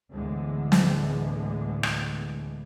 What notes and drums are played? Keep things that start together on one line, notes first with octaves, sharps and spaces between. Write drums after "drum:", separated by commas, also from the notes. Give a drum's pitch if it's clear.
D2 A2 D3 E3 G#3 B3
drum: snare
drum: rim click